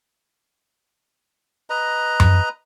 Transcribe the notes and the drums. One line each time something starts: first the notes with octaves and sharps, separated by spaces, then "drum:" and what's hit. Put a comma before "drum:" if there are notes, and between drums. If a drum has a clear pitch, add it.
B4 D#5 A#5
drum: tom F#2